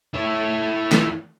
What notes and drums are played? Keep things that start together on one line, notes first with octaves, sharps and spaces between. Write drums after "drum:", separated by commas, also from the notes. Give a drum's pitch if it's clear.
E4 C#5
drum: snare